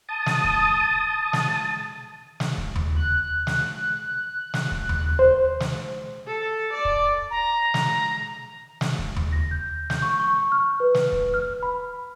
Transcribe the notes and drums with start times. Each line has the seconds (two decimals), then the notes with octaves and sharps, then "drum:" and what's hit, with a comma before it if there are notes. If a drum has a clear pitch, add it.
0.09 A5 D#6
0.26 drum: snare
0.44 drum: kick
1.33 drum: snare
2.40 drum: snare
2.58 drum: kick
2.76 drum: tom D#2
2.96 F#6
3.47 drum: snare
4.54 drum: snare
4.71 drum: kick
4.89 drum: tom D#2
5.19 C5
5.60 drum: snare
6.27 A4
6.74 D5
6.85 drum: kick
7.31 A#5
7.74 drum: snare
8.81 drum: snare
8.99 drum: kick
9.16 drum: tom D#2
9.32 A#6
9.51 G6
9.90 G6, drum: snare
10.02 C#6
10.20 C#6
10.52 F6
10.80 B4
10.94 drum: snare
11.12 drum: kick
11.34 F6
11.63 B5